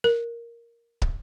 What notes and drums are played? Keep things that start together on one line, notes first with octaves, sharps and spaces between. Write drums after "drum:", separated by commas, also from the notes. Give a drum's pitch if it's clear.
A#4
drum: kick